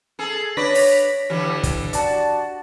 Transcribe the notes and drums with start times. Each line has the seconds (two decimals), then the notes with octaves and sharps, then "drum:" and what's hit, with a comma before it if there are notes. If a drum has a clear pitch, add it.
0.19 G#4 A4
0.57 D4 B4 C#5 D5 A#6 B6
0.75 drum: open hi-hat
1.30 D3 E3 G3
1.63 drum: kick, hi-hat
1.93 F#4 D5 A5, drum: hi-hat